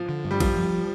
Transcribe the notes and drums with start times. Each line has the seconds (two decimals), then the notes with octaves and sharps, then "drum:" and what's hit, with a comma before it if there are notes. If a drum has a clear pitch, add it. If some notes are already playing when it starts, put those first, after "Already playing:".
Already playing: F3
0.09 D3
0.25 G2
0.31 G3
0.40 G1 F3, drum: kick A#1, cymbal
0.57 F3